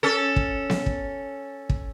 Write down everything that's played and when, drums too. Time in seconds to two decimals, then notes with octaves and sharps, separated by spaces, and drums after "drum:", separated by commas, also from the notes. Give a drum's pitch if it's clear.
0.03 C#4 A4
0.36 drum: kick
0.70 drum: snare B3
0.86 drum: kick
1.69 drum: kick